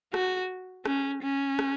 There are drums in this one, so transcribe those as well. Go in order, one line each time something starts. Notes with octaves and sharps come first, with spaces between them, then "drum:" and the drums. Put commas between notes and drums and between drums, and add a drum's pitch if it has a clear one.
F#4, drum: rim click
C#4, drum: rim click
C#4
drum: rim click